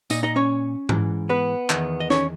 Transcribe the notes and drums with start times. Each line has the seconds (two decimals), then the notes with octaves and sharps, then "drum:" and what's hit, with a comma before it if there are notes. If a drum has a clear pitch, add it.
0.10 A#2 D#4 D#5, drum: tambourine
0.23 D#4 D#5
0.36 C#4 C#5
0.89 G#2 E3, drum: tom G#2
1.29 B3 B4
1.70 E2 D#3, drum: clap
2.00 D#5
2.10 C#4 C#5, drum: snare